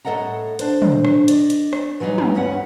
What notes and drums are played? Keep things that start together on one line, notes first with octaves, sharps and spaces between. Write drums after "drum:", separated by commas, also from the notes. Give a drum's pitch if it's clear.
A2 C4 A4 D#5 F#5 A#5
D4 C5, drum: hi-hat
drum: tom
drum: rim click
D5 D#5, drum: hi-hat
drum: hi-hat
drum: rim click
E3 F#3 G3 C4 D#4
drum: tom
D2 G2 C#4 B4 F#5